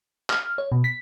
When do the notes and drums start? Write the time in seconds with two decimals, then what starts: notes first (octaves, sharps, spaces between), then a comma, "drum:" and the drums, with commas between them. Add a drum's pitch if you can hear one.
0.30 F6, drum: clap
0.58 C#5
0.72 B2
0.84 B6